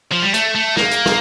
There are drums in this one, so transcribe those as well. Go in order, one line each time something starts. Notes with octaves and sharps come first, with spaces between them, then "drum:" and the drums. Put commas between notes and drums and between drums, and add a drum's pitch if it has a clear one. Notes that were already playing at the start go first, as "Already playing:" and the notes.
F3
G3
A3, drum: hi-hat
A3
A#3, drum: snare
drum: hi-hat
drum: snare